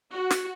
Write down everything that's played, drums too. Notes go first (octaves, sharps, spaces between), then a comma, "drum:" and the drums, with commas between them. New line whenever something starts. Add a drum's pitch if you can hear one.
F#4
drum: snare